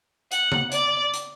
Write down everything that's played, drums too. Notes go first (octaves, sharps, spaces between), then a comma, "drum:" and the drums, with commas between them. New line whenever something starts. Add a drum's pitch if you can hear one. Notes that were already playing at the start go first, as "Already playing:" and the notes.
F#5, drum: hi-hat
drum: tom C#3
D5, drum: hi-hat
drum: hi-hat